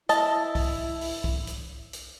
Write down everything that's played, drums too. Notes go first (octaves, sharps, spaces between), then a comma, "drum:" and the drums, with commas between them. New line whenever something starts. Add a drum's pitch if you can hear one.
E4 D#5 A5, drum: hi-hat
drum: kick, open hi-hat
drum: open hi-hat
drum: kick
drum: hi-hat
drum: hi-hat